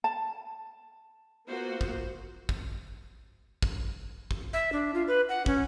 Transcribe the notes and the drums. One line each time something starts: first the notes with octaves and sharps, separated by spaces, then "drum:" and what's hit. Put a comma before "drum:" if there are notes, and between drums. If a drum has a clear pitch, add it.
A5
A#3 B3 F4 F#4 C5
drum: kick
drum: kick
drum: kick
drum: kick
E5
D4
F4
B4
F#5
C#4, drum: kick